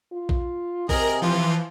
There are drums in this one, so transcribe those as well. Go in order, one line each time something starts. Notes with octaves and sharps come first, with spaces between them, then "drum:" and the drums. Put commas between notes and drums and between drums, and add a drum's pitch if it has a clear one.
F4
drum: kick A#1
C3 G#4 A#4 D#5 A#5, drum: kick A#1
E3 F3 F4